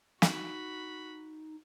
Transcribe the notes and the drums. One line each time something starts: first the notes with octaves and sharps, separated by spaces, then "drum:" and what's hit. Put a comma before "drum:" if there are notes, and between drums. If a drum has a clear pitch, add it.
D#4 F#4 B5, drum: snare